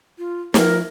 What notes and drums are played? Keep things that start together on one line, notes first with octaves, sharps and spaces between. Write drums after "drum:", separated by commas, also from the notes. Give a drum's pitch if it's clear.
F4
F3 A#4, drum: snare